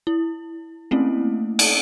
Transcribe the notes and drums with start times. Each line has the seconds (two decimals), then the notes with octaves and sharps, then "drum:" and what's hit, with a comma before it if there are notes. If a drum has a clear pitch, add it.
0.07 E4
0.91 A3 A#3 C4 C#4 E4
1.59 drum: cymbal